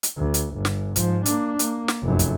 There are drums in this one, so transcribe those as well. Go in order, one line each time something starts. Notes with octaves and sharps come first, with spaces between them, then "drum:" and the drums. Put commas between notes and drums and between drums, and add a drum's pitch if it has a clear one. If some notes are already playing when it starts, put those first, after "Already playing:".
drum: hi-hat
D2
drum: hi-hat
G1
drum: snare
G#2 F3, drum: kick, hi-hat
A#3 D4, drum: hi-hat
A#3, drum: hi-hat
drum: snare
F1 F#2
drum: kick, hi-hat